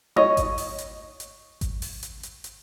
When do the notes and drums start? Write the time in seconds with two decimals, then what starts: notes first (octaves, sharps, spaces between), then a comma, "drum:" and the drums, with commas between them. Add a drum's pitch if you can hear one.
0.16 C#5 D#5 D#6, drum: tom D#4
0.37 drum: kick G#1, hi-hat
0.58 drum: open hi-hat
0.78 drum: hi-hat
1.20 drum: hi-hat
1.61 drum: kick G#1, hi-hat
1.82 drum: open hi-hat
2.03 drum: hi-hat
2.23 drum: hi-hat
2.44 drum: hi-hat